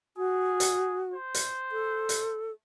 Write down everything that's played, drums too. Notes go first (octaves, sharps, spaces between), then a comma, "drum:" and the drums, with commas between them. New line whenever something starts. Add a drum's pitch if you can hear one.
F#4 G#4
drum: hi-hat
C5
drum: hi-hat
A4
drum: hi-hat